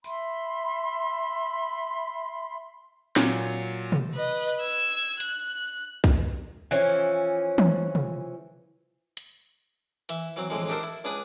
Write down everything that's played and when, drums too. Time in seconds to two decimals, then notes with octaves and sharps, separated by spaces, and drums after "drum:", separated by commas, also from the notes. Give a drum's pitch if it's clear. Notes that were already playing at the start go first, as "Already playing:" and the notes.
0.04 E5 B5 C6, drum: tambourine
3.16 A#2 F#3, drum: snare
3.92 drum: tom
4.14 B4 D#5
4.61 E6 G#6
5.20 F#6, drum: hi-hat
6.04 drum: kick B1
6.71 E3 F3 C#4
7.58 drum: tom
7.95 drum: tom
9.17 drum: hi-hat
10.09 E3 E5, drum: hi-hat
10.36 E3 F#3 C4
10.50 F2 A2 D3 E3 G#3
10.68 D4 D#4 G4 A4 A#4 C5
10.83 E4
11.04 C#2 D4 G#4 B4 D#6